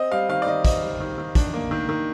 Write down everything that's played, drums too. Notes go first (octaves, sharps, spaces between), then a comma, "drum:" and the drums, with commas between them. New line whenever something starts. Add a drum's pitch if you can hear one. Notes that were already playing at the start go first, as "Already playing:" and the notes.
Already playing: C4 D#5
G3 F5
D#3 F5
D5
D#3 D#5
C4 D#5, drum: kick, hi-hat
G3
D#3
D#3
D4, drum: kick, hi-hat
A#3
D#3
D#3